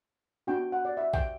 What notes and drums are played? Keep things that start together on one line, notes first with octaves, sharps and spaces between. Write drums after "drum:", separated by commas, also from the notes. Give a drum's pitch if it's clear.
B3 D4 F#4 G5
F#5
D5
E5
G5, drum: kick B1